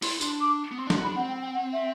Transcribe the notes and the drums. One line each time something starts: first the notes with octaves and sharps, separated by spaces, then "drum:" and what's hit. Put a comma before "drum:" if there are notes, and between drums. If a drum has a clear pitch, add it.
E4 C6, drum: open hi-hat
D4 C6, drum: tambourine
D6
B3
C4 C6
D4
C6, drum: snare
F#4
B5
D4
C4 F#5
G5
G5
F#5
E5